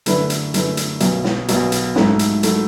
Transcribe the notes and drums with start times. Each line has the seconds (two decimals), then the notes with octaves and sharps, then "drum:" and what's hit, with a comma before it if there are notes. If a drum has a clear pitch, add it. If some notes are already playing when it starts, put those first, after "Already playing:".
0.06 F#2 D3 A3 E4 B4, drum: hi-hat
0.30 drum: hi-hat
0.54 F#2 D3 A3 E4 B4, drum: hi-hat
0.77 drum: hi-hat
1.00 B1 B2 F#3, drum: hi-hat
1.24 drum: snare
1.48 B1 B2 F#3, drum: hi-hat
1.72 drum: hi-hat
1.96 G#2 F#3 A3 E4 A4, drum: snare
2.19 drum: hi-hat
2.43 F#3 A3 E4 A4, drum: hi-hat